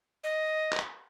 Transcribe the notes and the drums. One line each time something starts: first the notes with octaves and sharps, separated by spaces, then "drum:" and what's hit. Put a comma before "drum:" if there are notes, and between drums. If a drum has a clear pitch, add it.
D#5
drum: clap